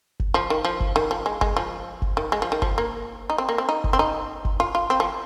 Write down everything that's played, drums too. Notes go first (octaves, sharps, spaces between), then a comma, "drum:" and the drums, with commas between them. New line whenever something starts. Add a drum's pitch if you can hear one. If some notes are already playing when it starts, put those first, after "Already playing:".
drum: kick F#1
F3
D#3
F3
drum: kick F#1
D#3
F3
G#3
G#3, drum: kick F#1
F3
drum: kick F#1
D#3
G#3
F3
D#3
F3, drum: kick F#1
A#3
D#4
C4
A#3
C4
D#4
drum: kick F#1
C4
D#4
drum: kick F#1
F4
F4
C4
F3